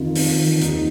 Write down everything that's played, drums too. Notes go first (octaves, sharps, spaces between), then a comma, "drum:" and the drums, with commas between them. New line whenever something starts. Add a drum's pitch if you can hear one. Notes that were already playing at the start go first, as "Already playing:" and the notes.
Already playing: F2 D#3 F4
F2, drum: open hi-hat
D#3
D#2 D#4, drum: hi-hat